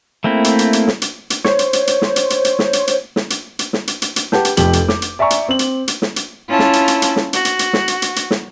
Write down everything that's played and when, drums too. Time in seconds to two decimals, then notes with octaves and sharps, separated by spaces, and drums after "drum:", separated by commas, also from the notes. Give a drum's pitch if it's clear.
0.24 A3 A#3 C4 E4
0.44 drum: hi-hat
0.59 drum: hi-hat
0.73 drum: hi-hat
0.87 drum: snare
1.02 drum: hi-hat
1.30 drum: hi-hat
1.45 C5 C#5, drum: snare
1.59 drum: hi-hat
1.73 drum: hi-hat
1.87 drum: hi-hat
2.02 drum: snare
2.16 drum: hi-hat
2.30 drum: hi-hat
2.45 drum: hi-hat
2.59 drum: snare
2.73 drum: hi-hat
2.87 drum: hi-hat
3.16 drum: snare
3.30 drum: hi-hat
3.59 drum: hi-hat
3.73 drum: snare
3.87 drum: hi-hat
4.02 drum: hi-hat
4.16 drum: hi-hat
4.32 G4 B4 F#5 A5 G6, drum: snare
4.45 drum: hi-hat
4.57 F1 F2 G4 F#7, drum: hi-hat
4.73 drum: hi-hat
4.88 D6, drum: snare
5.02 drum: hi-hat
5.19 D5 E5 G#5 A#5 C#6
5.30 drum: hi-hat
5.49 C4 F#7
5.59 drum: hi-hat
5.88 drum: hi-hat
6.02 drum: snare
6.16 drum: hi-hat
6.48 C#4 E4 F4 A5
6.59 drum: snare
6.73 drum: hi-hat
6.88 drum: hi-hat
7.02 drum: hi-hat
7.16 drum: snare
7.33 F#4, drum: hi-hat
7.45 drum: hi-hat
7.59 drum: hi-hat
7.73 drum: snare
7.88 drum: hi-hat
8.02 drum: hi-hat
8.16 drum: hi-hat
8.31 drum: snare